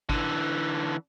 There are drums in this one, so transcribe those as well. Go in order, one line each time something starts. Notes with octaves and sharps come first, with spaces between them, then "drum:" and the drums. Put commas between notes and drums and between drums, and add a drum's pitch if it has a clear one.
D3 E3, drum: kick